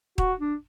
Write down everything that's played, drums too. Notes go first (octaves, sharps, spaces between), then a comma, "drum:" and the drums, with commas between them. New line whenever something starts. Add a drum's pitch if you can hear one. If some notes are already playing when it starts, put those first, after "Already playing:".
F#4, drum: kick D#1
D4